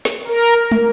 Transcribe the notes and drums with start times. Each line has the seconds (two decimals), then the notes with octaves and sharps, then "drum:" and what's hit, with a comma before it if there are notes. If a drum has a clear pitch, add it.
0.05 drum: snare
0.27 A#4
0.72 A#4, drum: tom